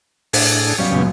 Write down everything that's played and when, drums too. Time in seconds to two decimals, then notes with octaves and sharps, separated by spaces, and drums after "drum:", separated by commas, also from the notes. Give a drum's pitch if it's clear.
0.33 A2 D4 G#4 A4 B6, drum: open hi-hat
0.79 E1 B2 F#3 G3 C#4 D5 F5
0.91 C#2 F#2 A#2 C#3 B3